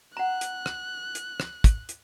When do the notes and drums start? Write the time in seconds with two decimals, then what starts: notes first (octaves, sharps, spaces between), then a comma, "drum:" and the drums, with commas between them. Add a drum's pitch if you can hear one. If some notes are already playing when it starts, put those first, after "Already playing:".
0.17 F#5 A#5 F#6
0.41 drum: hi-hat
0.66 drum: rim click
1.15 drum: hi-hat
1.40 drum: rim click
1.64 drum: kick, hi-hat
1.89 drum: hi-hat